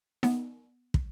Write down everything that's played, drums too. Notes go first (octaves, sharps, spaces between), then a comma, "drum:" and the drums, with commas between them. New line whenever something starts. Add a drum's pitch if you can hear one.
B3, drum: snare D#4
drum: kick